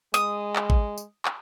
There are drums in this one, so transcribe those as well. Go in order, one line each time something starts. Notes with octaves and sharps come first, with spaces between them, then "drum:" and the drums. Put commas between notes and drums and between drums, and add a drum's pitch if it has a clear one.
G#3 D#6, drum: tambourine
drum: clap
drum: kick A1
drum: tambourine
drum: clap